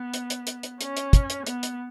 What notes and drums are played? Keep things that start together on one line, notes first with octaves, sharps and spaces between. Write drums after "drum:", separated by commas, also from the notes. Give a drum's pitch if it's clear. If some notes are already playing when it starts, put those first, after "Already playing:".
Already playing: B3
drum: hi-hat
drum: hi-hat
drum: hi-hat
drum: hi-hat
C#4, drum: hi-hat
drum: hi-hat
drum: kick, hi-hat
drum: hi-hat
B3, drum: hi-hat
drum: hi-hat